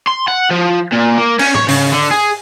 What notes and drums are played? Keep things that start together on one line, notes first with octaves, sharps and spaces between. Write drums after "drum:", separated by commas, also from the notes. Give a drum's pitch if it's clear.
C6
F#5
F3
A#2
A#3
C#4, drum: cymbal
C#5, drum: tom
C#3, drum: open hi-hat
D3
G#4